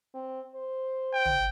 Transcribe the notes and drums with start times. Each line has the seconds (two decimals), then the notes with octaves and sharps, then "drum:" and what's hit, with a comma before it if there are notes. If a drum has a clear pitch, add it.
0.14 C4
0.55 C5
1.13 G5
1.26 drum: tom